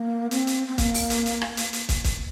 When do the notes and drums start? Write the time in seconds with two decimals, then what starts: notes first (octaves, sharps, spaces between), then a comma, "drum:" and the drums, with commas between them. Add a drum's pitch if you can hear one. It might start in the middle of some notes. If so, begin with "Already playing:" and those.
Already playing: A#3
0.31 C4, drum: hi-hat
0.47 drum: hi-hat
0.67 C4
0.78 A#3, drum: kick, hi-hat
0.94 drum: open hi-hat
1.10 drum: hi-hat
1.26 drum: hi-hat
1.41 drum: rim click
1.57 drum: hi-hat
1.73 drum: hi-hat
1.89 drum: kick, hi-hat
2.04 drum: kick, hi-hat